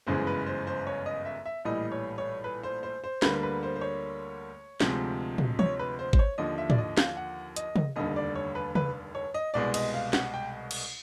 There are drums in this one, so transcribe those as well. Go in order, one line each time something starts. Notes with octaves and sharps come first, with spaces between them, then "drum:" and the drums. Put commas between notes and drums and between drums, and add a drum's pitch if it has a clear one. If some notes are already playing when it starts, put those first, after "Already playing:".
G1 F#2 C#3 E3 G#3 C5
B4
C5
C5
C#5
D#5
E5
E5
A#1 A2 E3 G3 D#5
C#5
C#5
B4
C5
C5
C5
D2 D3 G3 A#3 B4, drum: snare
B4
C5
C5
C#5
D2 C3 F3 G#3, drum: snare
drum: tom
C#5, drum: tom
B4
C5
C5, drum: kick G#1
C#5
D#2 D3 F3 D#5
E5
D5, drum: tom
D#5
F5, drum: snare
F#5
D#5, drum: hi-hat
drum: tom
F1 D#2 D3 G3 D#5
D5
C#5
B4
B4, drum: tom
C#5
D#5
C2 B2 G#3 D5
D#5, drum: cymbal
F5
F#5, drum: snare
G5
drum: cymbal